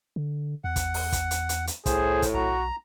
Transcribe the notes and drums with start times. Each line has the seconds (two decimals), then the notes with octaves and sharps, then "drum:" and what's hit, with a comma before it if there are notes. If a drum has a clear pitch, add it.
0.16 D3
0.64 E2 F#5
0.76 drum: kick, hi-hat
0.94 drum: open hi-hat
1.12 drum: kick, hi-hat
1.31 drum: hi-hat
1.49 drum: hi-hat
1.67 drum: hi-hat
1.86 C2 A2 G#4 C5, drum: kick, hi-hat
2.22 drum: kick, hi-hat
2.34 B1 F#4 A#5